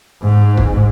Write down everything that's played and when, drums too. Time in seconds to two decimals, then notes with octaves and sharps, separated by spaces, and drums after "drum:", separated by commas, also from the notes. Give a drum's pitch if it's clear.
0.22 G#2
0.57 drum: kick